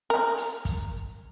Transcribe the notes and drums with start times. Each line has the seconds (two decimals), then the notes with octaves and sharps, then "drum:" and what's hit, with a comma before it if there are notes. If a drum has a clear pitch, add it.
0.10 A#4
0.37 drum: hi-hat
0.65 drum: kick, hi-hat